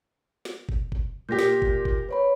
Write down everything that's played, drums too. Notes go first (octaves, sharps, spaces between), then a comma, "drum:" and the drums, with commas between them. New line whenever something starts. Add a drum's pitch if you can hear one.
drum: snare
drum: kick F#1
drum: kick F#1
A#2 G4 G6 A#6 B6
drum: snare
drum: kick F#1
drum: kick F#1
B4 C#5 B5